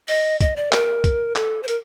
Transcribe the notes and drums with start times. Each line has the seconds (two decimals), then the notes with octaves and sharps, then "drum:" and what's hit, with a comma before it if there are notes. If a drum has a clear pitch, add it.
0.08 D#5, drum: open hi-hat
0.41 D#5, drum: kick, hi-hat
0.56 D5
0.72 A#4, drum: clap
1.04 drum: kick, hi-hat
1.36 A4, drum: clap
1.63 C5
1.68 A#4, drum: hi-hat